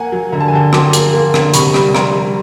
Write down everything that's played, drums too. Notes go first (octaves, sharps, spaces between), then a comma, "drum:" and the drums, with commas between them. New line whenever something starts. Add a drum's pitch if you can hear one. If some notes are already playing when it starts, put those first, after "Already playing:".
Already playing: A#3 F#5 G#5
F#3
D3 A#5
A5
G#5
D3 G5 A5
F#3 C6 D6, drum: rim click
A#3, drum: hi-hat
A#3
D3, drum: rim click
C3 B5 C#6, drum: hi-hat
G3, drum: rim click
G3 A#5 C6, drum: rim click
G3